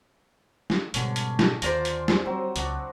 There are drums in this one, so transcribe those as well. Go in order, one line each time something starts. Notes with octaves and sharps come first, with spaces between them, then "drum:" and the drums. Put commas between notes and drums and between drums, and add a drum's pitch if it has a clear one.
drum: snare
G#2 B2 D3 G3 C#4, drum: hi-hat
drum: hi-hat
drum: snare
D#2 F4 C5 D5 A#5, drum: hi-hat
drum: hi-hat
drum: snare
F#3 G3 C4
C#2 D4 F#4, drum: hi-hat